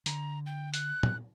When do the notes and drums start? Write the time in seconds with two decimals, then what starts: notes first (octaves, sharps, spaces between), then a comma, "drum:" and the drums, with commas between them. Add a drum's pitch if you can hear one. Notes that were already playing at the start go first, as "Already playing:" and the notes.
0.06 D3 A#5, drum: hi-hat
0.46 G5
0.74 F#6, drum: hi-hat
1.03 drum: tom